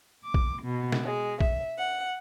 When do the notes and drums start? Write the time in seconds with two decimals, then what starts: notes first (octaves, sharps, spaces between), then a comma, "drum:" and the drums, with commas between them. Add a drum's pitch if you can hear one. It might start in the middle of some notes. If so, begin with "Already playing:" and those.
0.24 D6
0.34 drum: kick
0.63 B2
0.92 drum: snare
1.04 G#3
1.41 E5, drum: kick
1.78 F#5